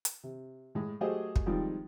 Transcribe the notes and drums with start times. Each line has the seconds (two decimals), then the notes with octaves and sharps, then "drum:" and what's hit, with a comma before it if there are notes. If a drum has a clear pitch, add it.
0.05 drum: hi-hat
0.23 C3
0.75 A2 G#3
1.01 F#3 A3 G4 G#4 C5 D#5
1.36 drum: kick
1.46 D#3 F3 G3 G#3 C4 F4